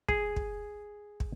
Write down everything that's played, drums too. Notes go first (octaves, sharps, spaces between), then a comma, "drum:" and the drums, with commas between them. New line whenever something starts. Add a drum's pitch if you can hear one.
G#4, drum: kick
drum: kick
drum: kick